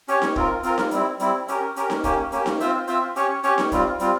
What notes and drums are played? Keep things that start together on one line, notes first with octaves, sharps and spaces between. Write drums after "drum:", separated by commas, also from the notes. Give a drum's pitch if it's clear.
C#4 G4 C#5, drum: hi-hat
drum: snare D#4
C4 F4 A#4, drum: kick
C4 F4 A#4, drum: hi-hat
drum: snare D#4
G3 C4 E4, drum: hi-hat
G3 C4 E4, drum: hi-hat
C#4 G4 A#4, drum: hi-hat
C#4 G4 A#4, drum: hi-hat
drum: snare D#4
A#3 C#4 G4, drum: kick, hi-hat
A#3 C#4 G4, drum: hi-hat
drum: snare D#4
C4 F4 C5 E5, drum: hi-hat
C4 F4 C5 E5, drum: hi-hat
C#4 G4 C#5, drum: hi-hat
C#4 G4 C#5, drum: hi-hat
drum: snare D#4
G3 C4 F4, drum: kick, hi-hat
G3 C4 F4, drum: hi-hat